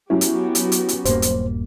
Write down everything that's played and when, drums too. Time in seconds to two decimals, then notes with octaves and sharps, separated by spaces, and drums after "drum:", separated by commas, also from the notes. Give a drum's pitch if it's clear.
0.10 F#3 B3 C#4 E4 F#4 G4
0.21 drum: hi-hat
0.55 drum: hi-hat
0.72 drum: hi-hat
0.89 drum: hi-hat
1.05 D#1 G2 A#3 C5, drum: hi-hat
1.22 drum: hi-hat